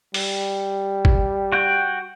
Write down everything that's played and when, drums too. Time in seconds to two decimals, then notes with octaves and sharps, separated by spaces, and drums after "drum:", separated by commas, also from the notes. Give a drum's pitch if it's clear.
0.14 G3, drum: open hi-hat
1.05 drum: kick G1
1.52 F#4 G5